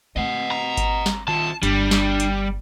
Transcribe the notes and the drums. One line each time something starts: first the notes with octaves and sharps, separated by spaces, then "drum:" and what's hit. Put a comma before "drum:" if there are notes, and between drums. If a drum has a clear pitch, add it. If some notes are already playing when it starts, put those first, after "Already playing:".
A3 C4 D#5 F#5
A#5
drum: kick G#1, hi-hat
drum: snare
D#3 F4 A5
G1 G3 D4, drum: hi-hat
drum: snare
drum: hi-hat